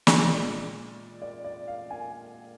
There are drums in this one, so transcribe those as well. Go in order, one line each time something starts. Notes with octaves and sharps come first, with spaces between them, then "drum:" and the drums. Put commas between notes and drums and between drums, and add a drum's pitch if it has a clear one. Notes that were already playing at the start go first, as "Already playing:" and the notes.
A#2 G#3 D5, drum: snare
D5
D5
F5
G#5